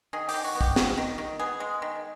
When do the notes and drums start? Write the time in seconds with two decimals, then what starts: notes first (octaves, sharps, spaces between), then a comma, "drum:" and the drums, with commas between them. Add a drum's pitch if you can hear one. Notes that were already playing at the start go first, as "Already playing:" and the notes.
0.13 D#3 G#4
0.29 G4, drum: open hi-hat
0.34 D#3
0.44 F#4
0.55 B3
0.61 G4, drum: kick
0.76 F#3, drum: snare
0.97 D#3
1.18 D#3
1.39 B3 G#4
1.60 G#3
1.82 D#3